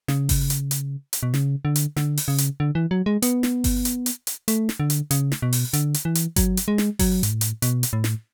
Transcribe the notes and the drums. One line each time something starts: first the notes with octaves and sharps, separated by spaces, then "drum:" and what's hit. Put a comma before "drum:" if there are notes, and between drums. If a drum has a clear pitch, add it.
C#3, drum: snare
drum: kick G1, open hi-hat
drum: hi-hat
drum: hi-hat
drum: hi-hat
B2
C#3, drum: snare
D3
drum: hi-hat
D3, drum: snare
drum: open hi-hat
C#3
drum: hi-hat
D3
E3
F#3
G#3
B3, drum: hi-hat
drum: snare
drum: kick G1, open hi-hat
drum: hi-hat
drum: hi-hat
drum: hi-hat
A3, drum: hi-hat
drum: snare
D3
drum: hi-hat
C#3, drum: hi-hat
drum: snare
B2
drum: open hi-hat
D3, drum: hi-hat
drum: hi-hat
E3
drum: hi-hat
F#3, drum: kick G1, hi-hat
drum: hi-hat
G#3
drum: snare
F#3, drum: kick G1, open hi-hat
G#2, drum: hi-hat
A2
drum: hi-hat
B2, drum: hi-hat
drum: hi-hat
A2
drum: snare